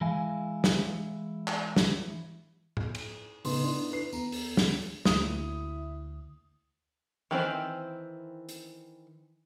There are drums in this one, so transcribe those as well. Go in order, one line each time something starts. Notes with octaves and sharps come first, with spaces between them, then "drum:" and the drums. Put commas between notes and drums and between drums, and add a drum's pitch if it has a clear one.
E3 G#3 E4 F5 G#5
drum: snare
drum: clap
drum: snare
drum: tom A2
drum: cymbal
A2 C#3 B3 D#4 C6, drum: open hi-hat
D4 E4
B4 C7
D#2 B3 A#5, drum: tambourine
drum: open hi-hat
drum: snare
D2 A3 A#3 E4 D#6, drum: snare
D#3 E3 C4 C5
drum: hi-hat